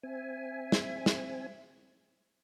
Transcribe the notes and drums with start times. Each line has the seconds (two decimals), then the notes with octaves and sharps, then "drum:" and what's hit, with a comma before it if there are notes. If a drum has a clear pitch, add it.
0.03 C4 E5 G#5
0.72 drum: snare
1.06 drum: snare